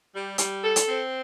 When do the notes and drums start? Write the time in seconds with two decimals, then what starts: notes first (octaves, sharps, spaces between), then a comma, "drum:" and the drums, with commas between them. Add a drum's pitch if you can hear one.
0.13 G3
0.38 G3, drum: hi-hat
0.64 A4
0.76 drum: hi-hat
0.88 C4